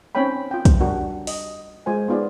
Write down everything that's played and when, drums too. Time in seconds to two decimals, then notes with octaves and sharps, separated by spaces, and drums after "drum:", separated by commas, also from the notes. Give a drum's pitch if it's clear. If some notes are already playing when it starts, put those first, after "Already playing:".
0.15 C4 C#4 D#4 C#5 G5 B5
0.51 F4 G5
0.65 drum: kick, hi-hat
0.80 G3 D4 F#4 A#4
1.27 D#5, drum: open hi-hat
1.86 G#3 F4 C5 G#5
2.08 B3 D#4 F4 G#4 D5